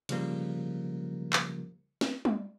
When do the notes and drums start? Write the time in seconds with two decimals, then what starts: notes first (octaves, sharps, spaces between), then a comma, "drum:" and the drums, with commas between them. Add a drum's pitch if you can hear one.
0.09 C#3 F3 G3 A#3 A#4, drum: cymbal
1.33 drum: clap
2.01 drum: snare
2.25 drum: tom G3